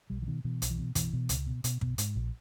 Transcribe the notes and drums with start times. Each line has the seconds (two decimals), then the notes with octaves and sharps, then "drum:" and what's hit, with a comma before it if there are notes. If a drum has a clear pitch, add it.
0.10 B1 G3
0.22 E3
0.27 B2 D#3
0.44 B2 E3
0.62 B1, drum: hi-hat
0.70 E3
0.78 B2
0.95 B2 E3, drum: kick, hi-hat
1.13 B2
1.29 C#2, drum: hi-hat
1.46 B2
1.64 B2, drum: hi-hat
1.81 B2, drum: kick
1.98 G#2, drum: hi-hat
2.16 A#1